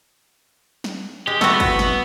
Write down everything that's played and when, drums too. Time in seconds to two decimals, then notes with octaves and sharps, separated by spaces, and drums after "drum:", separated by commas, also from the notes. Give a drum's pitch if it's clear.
0.84 drum: snare
1.27 G#3 G4
1.41 A3 B3 F#4, drum: snare
1.60 drum: kick, cymbal
1.79 drum: snare